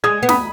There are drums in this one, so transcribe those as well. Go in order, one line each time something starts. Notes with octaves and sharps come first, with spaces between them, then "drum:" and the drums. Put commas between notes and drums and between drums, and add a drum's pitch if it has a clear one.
G#3 D#6 G#6
B3
B5 D#6, drum: snare